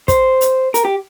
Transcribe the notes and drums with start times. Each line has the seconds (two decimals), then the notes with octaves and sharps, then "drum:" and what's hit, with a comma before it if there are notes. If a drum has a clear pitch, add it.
0.08 C5, drum: kick, hi-hat
0.41 drum: hi-hat
0.74 A#4, drum: hi-hat
0.85 G4